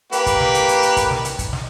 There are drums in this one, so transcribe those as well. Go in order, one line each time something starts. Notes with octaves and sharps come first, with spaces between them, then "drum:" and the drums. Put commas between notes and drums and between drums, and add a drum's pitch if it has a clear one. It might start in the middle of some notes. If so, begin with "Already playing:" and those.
A#3 G4 B4, drum: hi-hat
drum: kick, hi-hat
drum: snare
drum: hi-hat
drum: hi-hat
drum: hi-hat
drum: kick, hi-hat
drum: snare
drum: hi-hat
drum: kick, hi-hat
drum: snare